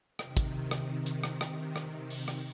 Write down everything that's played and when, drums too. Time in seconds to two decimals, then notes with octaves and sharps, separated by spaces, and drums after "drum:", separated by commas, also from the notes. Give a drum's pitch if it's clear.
0.19 C3 D#3, drum: rim click
0.37 drum: kick, hi-hat
0.71 drum: rim click
1.06 drum: hi-hat
1.24 drum: rim click
1.41 drum: rim click
1.76 drum: rim click
2.10 drum: open hi-hat
2.28 drum: rim click